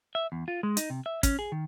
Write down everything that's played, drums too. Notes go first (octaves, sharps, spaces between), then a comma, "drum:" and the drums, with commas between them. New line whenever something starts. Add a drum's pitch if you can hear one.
E5
E2
F4
G#3
D#4, drum: hi-hat
C3
E5
C#4, drum: kick, hi-hat
G#4
D#3